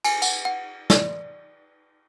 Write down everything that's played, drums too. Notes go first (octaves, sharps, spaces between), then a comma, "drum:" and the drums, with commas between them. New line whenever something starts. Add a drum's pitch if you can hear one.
G#5, drum: cymbal
F#5, drum: tambourine
F#5
D5, drum: snare